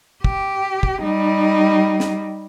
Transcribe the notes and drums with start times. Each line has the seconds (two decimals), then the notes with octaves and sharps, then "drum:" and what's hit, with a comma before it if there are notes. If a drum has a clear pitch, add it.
0.24 G4, drum: kick
0.83 drum: kick
1.03 G3 D#4
2.00 drum: snare